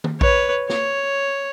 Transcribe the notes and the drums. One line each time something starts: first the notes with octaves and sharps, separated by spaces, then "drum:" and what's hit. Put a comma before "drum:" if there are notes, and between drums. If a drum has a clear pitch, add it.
drum: tom
B4 C#5, drum: kick A#1
C#5, drum: snare